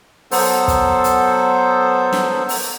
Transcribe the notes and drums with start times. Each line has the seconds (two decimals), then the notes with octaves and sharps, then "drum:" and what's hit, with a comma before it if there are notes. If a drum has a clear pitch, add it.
0.31 F#3 B3 A4 C5, drum: open hi-hat
0.68 drum: kick, hi-hat
1.04 drum: hi-hat
2.13 drum: snare
2.49 drum: open hi-hat